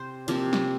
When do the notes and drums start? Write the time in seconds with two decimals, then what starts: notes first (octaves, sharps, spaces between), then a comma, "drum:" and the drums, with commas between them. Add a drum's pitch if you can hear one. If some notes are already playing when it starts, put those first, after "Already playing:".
Already playing: C3 C5
0.28 C3 F3 A#3, drum: hi-hat
0.53 drum: snare